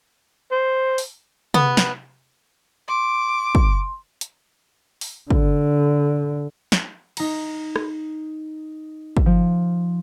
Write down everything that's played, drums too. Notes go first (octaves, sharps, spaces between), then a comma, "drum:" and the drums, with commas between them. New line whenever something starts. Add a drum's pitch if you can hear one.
C5
drum: open hi-hat
B3, drum: tom C3
drum: snare
C6 D6
drum: kick
drum: hi-hat
drum: open hi-hat
D3, drum: kick
drum: snare
D#4 A#5, drum: cymbal
drum: rim click
drum: kick
F3